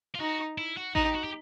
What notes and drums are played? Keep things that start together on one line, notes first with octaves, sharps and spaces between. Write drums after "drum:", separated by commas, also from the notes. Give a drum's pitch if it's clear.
F4
D#4 F#4
E4
F#4
D#4 F#4, drum: kick A1
G4
F#4
G4